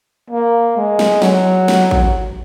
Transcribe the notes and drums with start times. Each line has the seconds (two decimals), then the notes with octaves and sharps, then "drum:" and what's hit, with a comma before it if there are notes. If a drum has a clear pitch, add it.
0.30 A#3
0.77 G#3
0.99 drum: snare
1.22 F#3, drum: snare
1.68 drum: snare
1.91 drum: kick A1